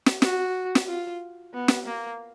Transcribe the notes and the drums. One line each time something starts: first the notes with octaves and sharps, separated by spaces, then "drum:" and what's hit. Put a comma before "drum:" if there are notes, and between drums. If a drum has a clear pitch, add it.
drum: snare
F#4, drum: snare
drum: snare
F4
B3
drum: snare
A#3